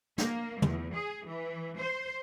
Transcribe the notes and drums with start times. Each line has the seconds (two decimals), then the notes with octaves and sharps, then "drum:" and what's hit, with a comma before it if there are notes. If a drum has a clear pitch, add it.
0.18 A#3, drum: snare
0.62 E2, drum: tom
0.95 G#4
1.27 E3
1.79 C5